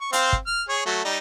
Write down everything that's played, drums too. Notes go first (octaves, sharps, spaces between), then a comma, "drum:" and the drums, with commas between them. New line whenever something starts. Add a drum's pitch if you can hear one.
C#6
C4 C5 F5, drum: hi-hat
drum: kick
F6
G#4 C#5
F#3 A3
G3 D#4